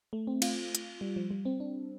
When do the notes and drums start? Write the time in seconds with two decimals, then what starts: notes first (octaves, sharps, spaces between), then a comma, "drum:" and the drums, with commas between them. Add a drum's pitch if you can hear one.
0.13 A3
0.27 C4
0.42 F4, drum: cymbal
0.75 drum: hi-hat
1.01 G3
1.16 F3
1.31 G3
1.45 C4
1.60 D4